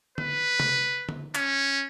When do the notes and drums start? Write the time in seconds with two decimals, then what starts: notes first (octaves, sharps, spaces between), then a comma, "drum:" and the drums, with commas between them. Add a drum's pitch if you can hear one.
0.18 B4, drum: tom D3
0.60 drum: tom C3
1.09 drum: tom D3
1.35 C#4, drum: clap